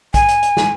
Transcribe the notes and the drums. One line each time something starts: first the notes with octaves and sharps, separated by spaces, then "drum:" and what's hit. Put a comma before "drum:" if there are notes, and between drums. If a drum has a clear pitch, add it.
G#5, drum: kick A#1, hi-hat
drum: hi-hat
drum: hi-hat
drum: snare